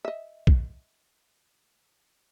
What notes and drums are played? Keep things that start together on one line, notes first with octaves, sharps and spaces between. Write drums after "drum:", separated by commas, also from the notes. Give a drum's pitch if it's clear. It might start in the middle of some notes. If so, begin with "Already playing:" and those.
D#5 E5
drum: kick